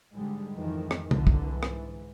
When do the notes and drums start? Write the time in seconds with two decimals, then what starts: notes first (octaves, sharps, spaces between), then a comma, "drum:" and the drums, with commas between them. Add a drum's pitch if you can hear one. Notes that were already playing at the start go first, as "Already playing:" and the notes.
0.13 G#2 D3 G3 G#3
0.55 F2 G#2 D#3 E3
0.91 drum: rim click
1.11 C2 F2 D3 F3, drum: tom C3
1.27 drum: kick
1.44 G#2 E3
1.63 drum: rim click